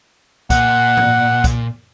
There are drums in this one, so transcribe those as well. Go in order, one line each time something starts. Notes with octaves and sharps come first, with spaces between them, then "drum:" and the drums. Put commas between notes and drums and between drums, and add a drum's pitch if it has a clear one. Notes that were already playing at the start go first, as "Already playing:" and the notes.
A#2 F#5, drum: kick, hi-hat
drum: tom G#2
drum: kick, hi-hat